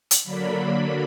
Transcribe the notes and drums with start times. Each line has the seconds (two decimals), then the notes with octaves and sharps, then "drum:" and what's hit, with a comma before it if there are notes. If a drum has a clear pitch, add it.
0.11 drum: hi-hat
0.24 D3 F#3 A#3 D4 B5
0.55 B5